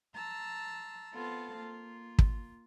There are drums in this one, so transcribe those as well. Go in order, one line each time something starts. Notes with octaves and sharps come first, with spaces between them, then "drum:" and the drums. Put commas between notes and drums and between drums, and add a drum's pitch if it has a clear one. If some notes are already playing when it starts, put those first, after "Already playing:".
A5 A#5 C6 E6
B3 C4 F4 A4 F5 A5
A#3 F4
drum: kick